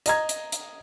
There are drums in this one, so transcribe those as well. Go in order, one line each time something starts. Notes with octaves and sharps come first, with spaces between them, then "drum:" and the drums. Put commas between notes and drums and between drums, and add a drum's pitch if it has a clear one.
D#5 A#5 G#6, drum: hi-hat
drum: hi-hat
drum: hi-hat